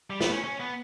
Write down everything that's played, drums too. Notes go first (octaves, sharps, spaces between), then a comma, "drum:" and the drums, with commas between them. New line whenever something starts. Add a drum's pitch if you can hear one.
G3
B3, drum: snare
C#4
C#4
B3